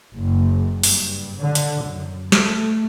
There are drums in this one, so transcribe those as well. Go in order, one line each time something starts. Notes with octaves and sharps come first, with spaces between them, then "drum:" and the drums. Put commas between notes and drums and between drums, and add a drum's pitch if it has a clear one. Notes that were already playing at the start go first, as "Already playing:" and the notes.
F#1
G2, drum: open hi-hat
D3
drum: hi-hat
F#2
A3, drum: snare